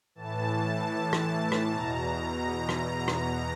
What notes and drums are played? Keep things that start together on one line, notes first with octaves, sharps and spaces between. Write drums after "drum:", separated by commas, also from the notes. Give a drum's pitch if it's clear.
A2 E3 A5
drum: rim click
drum: rim click
E2 B2 A#5
drum: rim click
drum: rim click